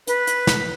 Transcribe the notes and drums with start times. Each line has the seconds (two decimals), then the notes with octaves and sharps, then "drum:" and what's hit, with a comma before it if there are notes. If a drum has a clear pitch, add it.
0.07 B4, drum: hi-hat
0.27 drum: hi-hat
0.47 drum: snare